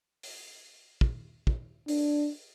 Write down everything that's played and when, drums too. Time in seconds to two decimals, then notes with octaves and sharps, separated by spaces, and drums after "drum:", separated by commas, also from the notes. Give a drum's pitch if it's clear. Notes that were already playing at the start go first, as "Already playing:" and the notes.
0.23 drum: open hi-hat
1.01 drum: kick
1.47 drum: kick
1.88 D4, drum: open hi-hat